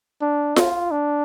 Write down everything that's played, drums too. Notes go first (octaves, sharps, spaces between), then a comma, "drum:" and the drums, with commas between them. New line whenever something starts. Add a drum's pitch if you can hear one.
D4
F4, drum: snare F4
D4